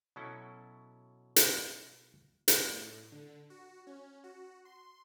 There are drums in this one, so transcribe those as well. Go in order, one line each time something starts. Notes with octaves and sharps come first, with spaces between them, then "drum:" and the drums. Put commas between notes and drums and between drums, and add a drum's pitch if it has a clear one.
B2 F#3 C#4 E4 A4
drum: hi-hat
drum: hi-hat
A2
D3
F#4
C#4
F#4
C6